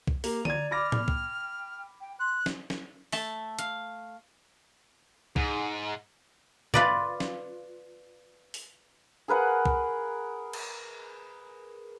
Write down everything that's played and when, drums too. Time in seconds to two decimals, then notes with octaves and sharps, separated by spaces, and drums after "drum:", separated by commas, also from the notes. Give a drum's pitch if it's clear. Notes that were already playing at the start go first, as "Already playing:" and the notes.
0.07 drum: kick
0.24 A#3 G4 A#5, drum: open hi-hat
0.45 D5 G#6 D#7, drum: tom D3
0.71 B5 D6 F6 A#6
0.92 drum: tom A2
1.08 G5, drum: kick
2.01 G5
2.20 C6 F#6
2.46 drum: snare
2.70 drum: snare
3.12 A3 E5 A5, drum: open hi-hat
3.59 F5, drum: hi-hat
5.36 G#2, drum: kick
6.74 F4 B4 D5, drum: tom G#2
7.20 drum: snare
8.54 drum: open hi-hat
9.28 G#4 A#4 B4 F#5
9.65 drum: kick
10.53 drum: cymbal